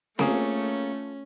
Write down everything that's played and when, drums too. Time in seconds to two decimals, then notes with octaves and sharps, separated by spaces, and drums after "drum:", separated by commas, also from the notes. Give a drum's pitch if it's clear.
0.19 A3 A#3 C#4 F4 G#4 A4, drum: snare C4